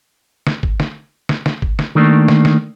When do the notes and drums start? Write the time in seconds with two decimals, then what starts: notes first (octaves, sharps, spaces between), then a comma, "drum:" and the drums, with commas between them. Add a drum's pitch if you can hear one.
0.47 drum: snare
0.63 drum: kick
0.80 drum: snare
1.29 drum: snare
1.46 drum: snare
1.62 drum: kick
1.79 drum: snare
1.95 D#3 A3 A#3 D4
2.28 drum: snare
2.45 drum: snare